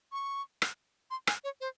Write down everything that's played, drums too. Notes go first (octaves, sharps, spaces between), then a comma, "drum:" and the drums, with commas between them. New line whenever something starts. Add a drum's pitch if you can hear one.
C#6
drum: rim click
C6
G#5, drum: rim click
C#5
C5